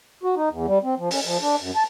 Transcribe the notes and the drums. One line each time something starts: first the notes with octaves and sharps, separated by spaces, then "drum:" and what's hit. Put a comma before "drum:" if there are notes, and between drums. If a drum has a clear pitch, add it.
F#4
D#4
E2
G3
C4
F3
C#4, drum: open hi-hat
F3
D4
F#2
A5